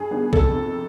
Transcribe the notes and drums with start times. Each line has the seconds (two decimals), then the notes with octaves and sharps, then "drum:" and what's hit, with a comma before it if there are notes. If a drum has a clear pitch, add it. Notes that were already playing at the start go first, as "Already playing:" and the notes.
Already playing: G2 G#4
0.11 D#3 G3 B3
0.33 F2 A4, drum: kick
0.54 C3 D#3